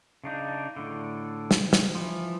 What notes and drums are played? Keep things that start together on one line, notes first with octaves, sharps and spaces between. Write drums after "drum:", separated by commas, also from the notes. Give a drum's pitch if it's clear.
C#3 D4 D#4
A2 D3
drum: snare
drum: snare
E3 F3